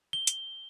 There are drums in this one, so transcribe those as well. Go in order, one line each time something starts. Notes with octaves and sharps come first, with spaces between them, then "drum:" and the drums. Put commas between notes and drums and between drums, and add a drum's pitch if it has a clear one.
G7
drum: hi-hat